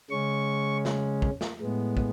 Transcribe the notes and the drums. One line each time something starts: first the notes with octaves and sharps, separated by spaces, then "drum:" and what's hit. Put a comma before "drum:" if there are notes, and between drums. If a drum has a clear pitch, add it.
C#3 G#3 C#4 C#6
drum: snare
drum: kick
drum: snare
A2 G#3 B3
drum: kick